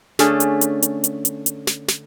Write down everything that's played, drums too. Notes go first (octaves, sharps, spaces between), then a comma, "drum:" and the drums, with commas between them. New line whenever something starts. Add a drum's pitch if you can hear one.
D3 A3 C#4 G#4, drum: snare
drum: hi-hat
drum: hi-hat
drum: hi-hat
drum: hi-hat
drum: hi-hat
drum: hi-hat
drum: snare
drum: snare